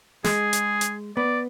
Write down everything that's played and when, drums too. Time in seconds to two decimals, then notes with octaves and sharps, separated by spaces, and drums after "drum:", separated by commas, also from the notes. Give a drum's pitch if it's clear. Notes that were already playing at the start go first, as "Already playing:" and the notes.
0.24 G#3 G#4, drum: snare
0.53 drum: hi-hat
0.81 drum: hi-hat
1.17 B3 D5